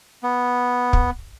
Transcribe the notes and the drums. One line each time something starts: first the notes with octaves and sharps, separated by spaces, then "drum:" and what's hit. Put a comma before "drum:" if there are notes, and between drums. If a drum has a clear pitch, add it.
B3
drum: kick